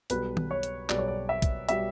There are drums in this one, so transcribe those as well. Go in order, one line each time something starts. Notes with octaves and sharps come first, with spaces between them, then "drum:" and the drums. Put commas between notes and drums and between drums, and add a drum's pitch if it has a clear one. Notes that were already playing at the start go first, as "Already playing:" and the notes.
B1 B2 G3 B3 B4, drum: hi-hat
drum: tom D#3
C#5
drum: hi-hat
B1 B2 G3 B3 D5, drum: clap
C#5
D5
E5
drum: kick, hi-hat
B2 G3 B3 E5, drum: hi-hat